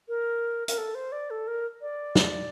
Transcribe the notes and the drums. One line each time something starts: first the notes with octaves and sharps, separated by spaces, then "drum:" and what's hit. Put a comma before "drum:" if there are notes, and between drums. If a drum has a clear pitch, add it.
A#4
A#4, drum: hi-hat
A4
C5
D5
A4
A#4
D5
drum: snare